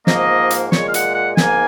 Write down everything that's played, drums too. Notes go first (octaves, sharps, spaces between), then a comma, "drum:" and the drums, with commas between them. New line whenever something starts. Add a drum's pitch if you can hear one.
G#2 F3 A#3 D#5, drum: snare
drum: hi-hat
A#2 G#3 C#5, drum: snare
F5
F#5, drum: hi-hat
F#5
G#2 D#3 A#3 G#5, drum: snare